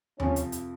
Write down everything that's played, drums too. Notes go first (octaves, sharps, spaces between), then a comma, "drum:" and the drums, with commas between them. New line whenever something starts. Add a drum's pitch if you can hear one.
F2 C3 F3 C#4, drum: tom D#2
drum: hi-hat
drum: hi-hat